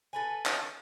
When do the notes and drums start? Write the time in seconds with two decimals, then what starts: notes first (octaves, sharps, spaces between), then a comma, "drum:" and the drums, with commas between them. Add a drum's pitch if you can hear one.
0.13 A4 B4 G#5
0.46 drum: clap